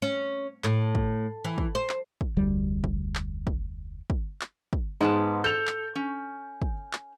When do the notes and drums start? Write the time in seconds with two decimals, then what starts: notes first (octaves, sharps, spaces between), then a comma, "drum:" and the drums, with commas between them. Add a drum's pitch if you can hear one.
0.02 C#4
0.64 A2, drum: clap
0.95 drum: kick
1.44 E3
1.58 drum: kick
1.75 C5
1.89 drum: clap
2.21 drum: kick
2.37 F1 D2 G3
2.84 drum: kick
3.15 drum: clap
3.47 drum: kick
4.10 drum: kick
4.41 drum: clap
4.73 drum: kick
5.01 G#2 G#3 B3 A5
5.44 A4 G6 F7
5.67 drum: clap
5.95 C#4
6.62 drum: kick
6.93 drum: clap